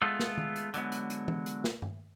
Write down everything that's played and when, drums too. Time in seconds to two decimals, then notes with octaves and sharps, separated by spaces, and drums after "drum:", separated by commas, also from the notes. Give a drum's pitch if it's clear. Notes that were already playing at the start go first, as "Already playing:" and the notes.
0.02 G#3 A3 B3 F4 G#4 A4
0.20 drum: snare
0.38 drum: tom D#3
0.56 drum: hi-hat
0.74 D3 F#3 G#3 B3, drum: hi-hat
0.92 drum: hi-hat
1.10 drum: hi-hat
1.28 drum: tom E3
1.46 drum: hi-hat
1.64 drum: snare
1.82 drum: tom G2